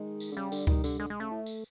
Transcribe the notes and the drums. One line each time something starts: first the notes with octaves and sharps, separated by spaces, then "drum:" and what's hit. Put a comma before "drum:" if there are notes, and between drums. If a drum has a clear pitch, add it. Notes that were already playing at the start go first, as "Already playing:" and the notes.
Already playing: D#3 G#3
drum: tambourine
D3
C#3 G3
D3, drum: tambourine
D#3, drum: kick C#2
D3, drum: tambourine
D3 G#3
G#3
C#3 A3
A2
drum: tambourine